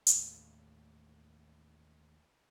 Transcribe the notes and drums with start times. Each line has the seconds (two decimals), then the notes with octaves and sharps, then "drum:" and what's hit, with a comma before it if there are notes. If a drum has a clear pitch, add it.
0.07 A1 D#2 A2, drum: hi-hat